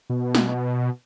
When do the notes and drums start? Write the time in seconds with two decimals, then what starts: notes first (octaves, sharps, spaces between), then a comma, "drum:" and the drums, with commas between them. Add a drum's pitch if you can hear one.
0.10 B2
0.35 drum: snare